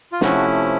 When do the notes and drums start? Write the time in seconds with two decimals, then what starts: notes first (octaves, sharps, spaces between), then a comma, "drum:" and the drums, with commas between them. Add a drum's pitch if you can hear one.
0.12 F4
0.21 C3 F3 A3 C#4 E4 F#4, drum: snare